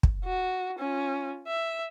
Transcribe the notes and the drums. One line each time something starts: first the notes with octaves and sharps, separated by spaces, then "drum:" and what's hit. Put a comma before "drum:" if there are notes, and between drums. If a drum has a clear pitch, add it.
drum: kick
F#4
C#4 F4
E5